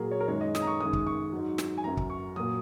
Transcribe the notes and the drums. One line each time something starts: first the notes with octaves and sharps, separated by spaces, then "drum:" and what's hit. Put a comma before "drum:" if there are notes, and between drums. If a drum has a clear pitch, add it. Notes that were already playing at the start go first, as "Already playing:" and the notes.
Already playing: A#2 F#3 G#4 A#4
C#5
A#4
F#2 D#3 G#3 C#5
D#5
D#6, drum: snare
A#5
C#6
F#2 D#3 G#3 D#6
drum: kick
C#6
G#2 F#3
drum: snare
G#5
F#2 F#3 A#5
drum: kick
C#6
A#2 F#3 D#6